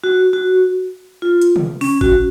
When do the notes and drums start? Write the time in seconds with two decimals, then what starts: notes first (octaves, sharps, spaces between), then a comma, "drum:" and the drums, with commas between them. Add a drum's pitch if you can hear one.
0.04 F#4
0.33 F#4
1.22 F4
1.42 drum: hi-hat
1.56 drum: tom
1.81 C#4, drum: open hi-hat
2.01 F#4, drum: kick G#1